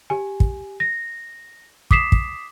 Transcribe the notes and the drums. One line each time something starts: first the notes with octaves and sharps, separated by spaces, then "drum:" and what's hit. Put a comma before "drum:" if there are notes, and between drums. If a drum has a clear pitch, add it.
G4 G#5
drum: kick
A#6
D6 D#6 B6 C7 E7, drum: kick
drum: kick